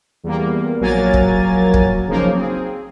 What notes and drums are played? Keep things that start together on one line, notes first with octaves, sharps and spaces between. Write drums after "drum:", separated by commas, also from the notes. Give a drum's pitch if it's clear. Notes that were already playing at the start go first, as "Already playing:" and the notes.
E2 G3 A#3
A#1 F#3 A#3 G#5 A#5 A6
drum: kick
drum: kick
C#3 F3 F#3 A#3 D#4 A#4
C4 G#4